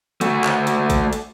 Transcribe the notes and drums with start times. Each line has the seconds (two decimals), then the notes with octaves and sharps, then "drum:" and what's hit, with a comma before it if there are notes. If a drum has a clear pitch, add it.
0.21 A3 F#4, drum: hi-hat
0.44 drum: clap
0.67 drum: hi-hat
0.90 drum: kick G#1, hi-hat
1.13 drum: hi-hat